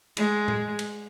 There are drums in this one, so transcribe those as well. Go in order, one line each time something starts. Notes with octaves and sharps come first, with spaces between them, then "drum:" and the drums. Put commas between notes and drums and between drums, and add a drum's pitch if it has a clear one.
G#3, drum: cymbal
drum: tom A2
drum: cymbal